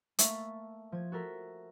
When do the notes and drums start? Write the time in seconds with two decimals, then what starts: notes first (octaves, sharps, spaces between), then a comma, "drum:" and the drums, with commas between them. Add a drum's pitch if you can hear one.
0.19 A3 A#3 E5 A5 C#6 B6, drum: hi-hat
0.92 F3 G#6
1.12 F#4 A4 A#4 B6